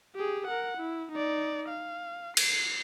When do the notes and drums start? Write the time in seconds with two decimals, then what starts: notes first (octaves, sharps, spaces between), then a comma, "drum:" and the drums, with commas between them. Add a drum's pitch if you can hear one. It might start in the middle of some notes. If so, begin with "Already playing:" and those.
0.15 G4 G#4
0.47 A#4 F#5
0.78 E4
1.12 D#4 D5
1.69 F5
2.37 C7, drum: cymbal